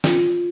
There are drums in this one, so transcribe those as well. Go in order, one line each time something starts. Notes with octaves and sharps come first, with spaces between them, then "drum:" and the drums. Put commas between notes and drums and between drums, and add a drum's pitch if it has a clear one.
F4, drum: snare